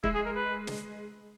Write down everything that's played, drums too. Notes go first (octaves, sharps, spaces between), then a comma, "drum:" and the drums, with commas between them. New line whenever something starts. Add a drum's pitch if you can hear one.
G#3 E4, drum: kick
G#4
A#4
B4
drum: snare